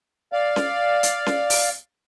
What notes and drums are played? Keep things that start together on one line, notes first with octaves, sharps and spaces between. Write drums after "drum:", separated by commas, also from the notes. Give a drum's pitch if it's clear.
D5 F5
drum: snare C#4
drum: hi-hat
drum: snare C#4
drum: open hi-hat